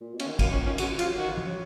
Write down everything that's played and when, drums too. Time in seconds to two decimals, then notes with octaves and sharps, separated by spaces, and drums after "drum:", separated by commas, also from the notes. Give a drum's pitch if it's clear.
0.01 A#2
0.14 B2
0.20 C#4, drum: cymbal
0.26 D#3
0.39 F#3 A#3, drum: kick, cymbal
0.52 F3 C#4
0.66 D#3 C#4
0.78 C#3 F#4, drum: cymbal
0.88 F3
0.99 F3 F4, drum: cymbal
1.08 F#3
1.17 D#3 F#4
1.28 F3
1.38 drum: tom F3
1.47 F#3